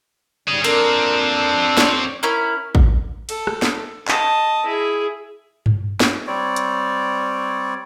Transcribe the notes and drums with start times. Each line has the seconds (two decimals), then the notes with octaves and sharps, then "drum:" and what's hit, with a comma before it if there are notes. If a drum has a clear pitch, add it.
0.48 G#2 G3 C#4 G#4
0.64 F3 A#3 C4 D4 A4 A#4, drum: cymbal
1.77 C#5 D5, drum: snare
2.23 C#4 E4 A#4
2.75 drum: kick
3.29 A4, drum: cymbal
3.47 drum: rim click
3.62 drum: snare
4.08 D#5 A5, drum: clap
4.66 E4 G#4
5.66 drum: tom G2
6.00 drum: snare
6.27 G3 C4 C#5 D5
6.56 drum: hi-hat